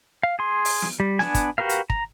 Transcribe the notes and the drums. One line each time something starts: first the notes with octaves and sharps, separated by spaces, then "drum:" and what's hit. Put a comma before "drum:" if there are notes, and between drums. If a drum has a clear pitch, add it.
F5
G#4 C6
drum: open hi-hat
drum: snare
G3
B3 D4 G#5, drum: snare
drum: kick, hi-hat
F#4 G4 A#4 B4 F5
drum: hi-hat
A#5, drum: kick